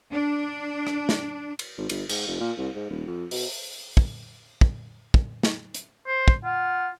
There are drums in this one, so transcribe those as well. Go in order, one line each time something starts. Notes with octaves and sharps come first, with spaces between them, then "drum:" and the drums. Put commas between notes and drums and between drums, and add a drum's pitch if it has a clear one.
D4
drum: rim click
drum: snare
drum: cymbal
G#1
G1, drum: cymbal
G#2, drum: cymbal
F1
A#2
C2
G#2
D#1
F2
B2, drum: open hi-hat
drum: kick
drum: kick
drum: kick
drum: snare
drum: hi-hat
C5
drum: kick
F4 F#5